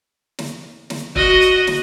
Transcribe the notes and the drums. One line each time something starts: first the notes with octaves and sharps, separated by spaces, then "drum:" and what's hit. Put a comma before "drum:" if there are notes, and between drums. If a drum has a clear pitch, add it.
drum: snare
drum: snare
F#4 D#5, drum: kick
drum: hi-hat
drum: snare